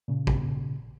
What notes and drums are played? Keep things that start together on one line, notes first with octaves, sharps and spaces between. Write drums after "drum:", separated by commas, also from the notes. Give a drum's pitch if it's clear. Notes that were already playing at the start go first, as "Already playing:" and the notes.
A#2 C#3
drum: kick